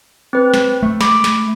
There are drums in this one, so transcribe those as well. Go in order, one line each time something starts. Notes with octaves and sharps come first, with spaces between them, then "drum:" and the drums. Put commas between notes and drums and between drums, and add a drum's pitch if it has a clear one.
C4 B4
drum: snare
A3
B5 D6, drum: snare
drum: snare